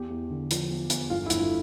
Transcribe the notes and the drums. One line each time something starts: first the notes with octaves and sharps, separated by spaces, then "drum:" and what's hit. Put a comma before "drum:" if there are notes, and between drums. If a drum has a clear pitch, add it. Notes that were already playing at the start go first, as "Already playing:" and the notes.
Already playing: E2 G4
E2
D3
F3, drum: hi-hat
E2
E2, drum: hi-hat
G1 F4
E4
G1, drum: hi-hat
F4